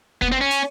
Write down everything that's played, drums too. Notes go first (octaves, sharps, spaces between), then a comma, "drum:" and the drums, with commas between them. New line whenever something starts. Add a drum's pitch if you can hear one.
B3, drum: kick
C4
C#4
drum: hi-hat